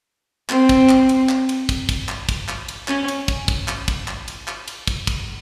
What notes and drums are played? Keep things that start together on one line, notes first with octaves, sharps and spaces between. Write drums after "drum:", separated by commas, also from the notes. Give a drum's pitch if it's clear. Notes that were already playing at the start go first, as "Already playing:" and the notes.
C4, drum: clap
drum: kick, cymbal
drum: clap
drum: cymbal
drum: clap
drum: cymbal
drum: kick, cymbal
drum: kick, cymbal
drum: clap
drum: kick, cymbal
drum: clap
drum: cymbal
C#4, drum: clap
drum: cymbal
drum: kick, cymbal
drum: kick, cymbal
drum: clap
drum: kick, cymbal
drum: clap
drum: cymbal
drum: clap
drum: cymbal
drum: kick, cymbal
drum: kick, cymbal